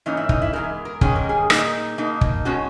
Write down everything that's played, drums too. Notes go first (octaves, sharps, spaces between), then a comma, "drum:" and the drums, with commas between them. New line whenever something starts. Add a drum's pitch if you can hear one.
G#2 E3 A#3 C#4 D#4
E4
D#4, drum: kick
E4
E2 D#3 G#3 A#4
A#4
G#2 D#3 G#3 C#4 G#4, drum: kick
A#4
G#4
A#2 A#3 D#4, drum: rim click
B2 A#3 D#4
drum: kick
B2 G#3 C#4 F#4